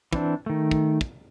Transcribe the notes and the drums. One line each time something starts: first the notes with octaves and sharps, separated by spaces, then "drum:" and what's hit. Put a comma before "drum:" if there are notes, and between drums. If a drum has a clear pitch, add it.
E3 C4 D4, drum: kick
D#3 A3
drum: kick
drum: kick